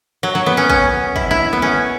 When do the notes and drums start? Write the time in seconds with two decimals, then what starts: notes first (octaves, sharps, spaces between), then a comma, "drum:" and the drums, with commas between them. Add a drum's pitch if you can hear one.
0.23 F#3
0.35 F#3
0.46 B3
0.57 C#4
0.69 C#4, drum: kick
1.16 E4, drum: kick
1.31 E4
1.53 B3
1.62 C#4